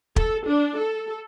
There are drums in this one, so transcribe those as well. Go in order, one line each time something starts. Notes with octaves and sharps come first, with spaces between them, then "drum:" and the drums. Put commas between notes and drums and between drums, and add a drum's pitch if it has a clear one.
A4, drum: kick
D4
A4